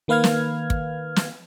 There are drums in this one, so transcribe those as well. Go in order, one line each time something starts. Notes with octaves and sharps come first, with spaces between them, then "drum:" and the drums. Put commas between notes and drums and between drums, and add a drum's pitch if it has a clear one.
D#3 A#3 B4 F5 F6 G#6
drum: snare
drum: kick
drum: snare